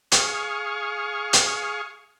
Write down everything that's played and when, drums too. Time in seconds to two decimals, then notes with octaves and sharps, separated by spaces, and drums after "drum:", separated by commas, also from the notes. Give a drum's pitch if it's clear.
0.12 G#4 F5 C#6, drum: hi-hat
1.33 drum: hi-hat